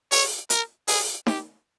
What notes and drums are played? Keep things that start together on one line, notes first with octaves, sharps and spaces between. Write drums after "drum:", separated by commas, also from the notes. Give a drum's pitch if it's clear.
C#5, drum: open hi-hat
A#4, drum: hi-hat
G#4, drum: open hi-hat
G4, drum: snare D#4